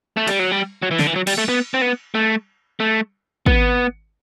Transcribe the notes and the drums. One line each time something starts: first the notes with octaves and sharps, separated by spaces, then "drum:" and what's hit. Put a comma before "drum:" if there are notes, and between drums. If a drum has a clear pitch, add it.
A3
G3, drum: cymbal
F#3
G3
F#3
E3
D3, drum: snare
E3
F#3
G3, drum: cymbal
A3
B3
C4
B3
A3
A3
B3, drum: kick